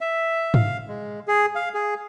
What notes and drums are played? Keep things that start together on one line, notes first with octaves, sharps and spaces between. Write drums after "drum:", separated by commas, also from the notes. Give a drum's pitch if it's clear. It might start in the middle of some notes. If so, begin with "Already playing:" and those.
E5
F5, drum: tom G#2
G#3
G#4
F5
G#4